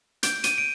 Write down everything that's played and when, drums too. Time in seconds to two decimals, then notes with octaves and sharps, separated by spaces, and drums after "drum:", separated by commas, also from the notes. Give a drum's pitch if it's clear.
0.23 G6 D7, drum: hi-hat
0.44 D#7, drum: hi-hat
0.58 D7